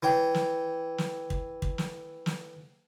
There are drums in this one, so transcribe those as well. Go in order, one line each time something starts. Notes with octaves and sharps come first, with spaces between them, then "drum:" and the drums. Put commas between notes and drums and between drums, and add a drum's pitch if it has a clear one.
E3 C#5 G5
drum: snare
drum: snare
drum: kick
drum: kick
drum: snare
drum: snare